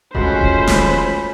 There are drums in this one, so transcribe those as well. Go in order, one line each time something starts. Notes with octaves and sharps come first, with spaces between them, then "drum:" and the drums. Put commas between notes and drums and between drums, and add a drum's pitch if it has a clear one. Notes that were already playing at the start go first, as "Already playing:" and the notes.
G#3 A3 C#4 F4 F#4 C5 B5, drum: kick E1
drum: kick E1
drum: snare